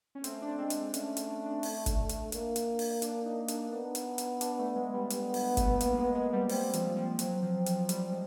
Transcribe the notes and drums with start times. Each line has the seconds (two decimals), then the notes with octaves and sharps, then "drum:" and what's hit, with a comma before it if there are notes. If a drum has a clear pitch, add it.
0.15 C#4
0.24 A3 C4, drum: hi-hat
0.42 D4
0.58 G#3 C4
0.70 drum: hi-hat
0.94 A3 C#4, drum: hi-hat
1.17 drum: hi-hat
1.28 D4
1.46 D4
1.63 drum: open hi-hat
1.86 drum: kick G#1, hi-hat
2.09 drum: hi-hat
2.32 A#3, drum: hi-hat
2.56 drum: hi-hat
2.79 drum: open hi-hat
3.02 D4, drum: hi-hat
3.26 D#4
3.48 D4, drum: hi-hat
3.72 B3 D4
3.95 drum: hi-hat
4.18 drum: hi-hat
4.41 D4, drum: hi-hat
4.59 A3
4.76 G#3
4.94 G3
5.10 G3 B3, drum: hi-hat
5.34 drum: open hi-hat
5.57 A3, drum: kick G#1, hi-hat
5.81 A#3, drum: hi-hat
5.98 G#3
6.15 G#3
6.33 G3
6.49 G3 C4, drum: open hi-hat
6.73 F3, drum: hi-hat
6.96 F3
7.19 F#3 C4, drum: hi-hat
7.42 F3
7.66 F3, drum: hi-hat
7.89 G3, drum: hi-hat
8.12 G#3